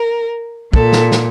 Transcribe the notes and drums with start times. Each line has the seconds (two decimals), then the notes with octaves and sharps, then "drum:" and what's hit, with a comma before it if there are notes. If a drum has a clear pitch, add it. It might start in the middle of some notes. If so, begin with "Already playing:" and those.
Already playing: A#4
0.73 A#2 A4, drum: kick
0.93 drum: snare
1.12 drum: snare